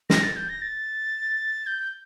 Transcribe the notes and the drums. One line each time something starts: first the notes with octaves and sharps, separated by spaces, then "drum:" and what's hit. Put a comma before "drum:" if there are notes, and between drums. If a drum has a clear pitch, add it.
A#6, drum: snare
A6
G6
A#6
A6
G6